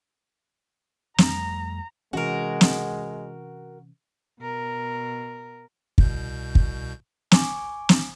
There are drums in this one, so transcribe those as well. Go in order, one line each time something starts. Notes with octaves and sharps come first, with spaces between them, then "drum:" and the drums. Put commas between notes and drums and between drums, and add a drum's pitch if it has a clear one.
F2 G3 A3 A#5, drum: snare
C3 E3 G#3 C#4 F#4 A#4
drum: snare
B2 A#4
C2 B2 G6, drum: kick
drum: kick
G#5 C#6 D6, drum: snare
drum: snare